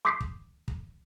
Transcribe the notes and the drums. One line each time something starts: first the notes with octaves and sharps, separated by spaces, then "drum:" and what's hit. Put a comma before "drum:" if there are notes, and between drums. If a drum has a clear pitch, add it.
C6 D6 D#6 G6 B6 C7
drum: kick
drum: kick